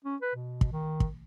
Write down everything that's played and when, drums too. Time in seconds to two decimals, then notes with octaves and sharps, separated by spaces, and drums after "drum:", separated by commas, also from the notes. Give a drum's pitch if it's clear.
0.05 C#4
0.22 B4
0.35 B2
0.61 drum: kick
0.72 D#3
1.00 drum: kick